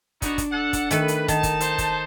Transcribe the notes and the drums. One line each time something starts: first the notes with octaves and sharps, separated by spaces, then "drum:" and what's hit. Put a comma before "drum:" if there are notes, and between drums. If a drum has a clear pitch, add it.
B3 D4 D#4 F#4, drum: kick, hi-hat
drum: kick, hi-hat
A4 F#5
drum: kick, hi-hat
D#3 A3 A4 B4, drum: hi-hat
drum: hi-hat
D#3 D#4 A5, drum: kick, hi-hat
drum: kick, hi-hat
C5, drum: hi-hat
drum: kick, hi-hat